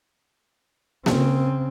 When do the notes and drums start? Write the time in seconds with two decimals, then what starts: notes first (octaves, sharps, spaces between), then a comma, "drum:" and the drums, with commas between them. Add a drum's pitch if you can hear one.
1.06 C#3 C4, drum: snare A#3